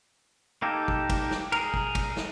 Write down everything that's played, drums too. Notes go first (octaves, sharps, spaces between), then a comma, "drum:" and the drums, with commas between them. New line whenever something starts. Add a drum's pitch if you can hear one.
A#3 D#4 G4 A4
drum: kick
drum: kick, cymbal
drum: snare
G#4 A#4, drum: cymbal
drum: kick
drum: kick, cymbal
drum: snare